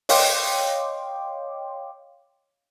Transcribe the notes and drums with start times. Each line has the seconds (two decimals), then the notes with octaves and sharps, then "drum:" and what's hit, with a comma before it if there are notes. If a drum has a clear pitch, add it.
0.09 C#5 D#5 F5 G5 C6 D6, drum: open hi-hat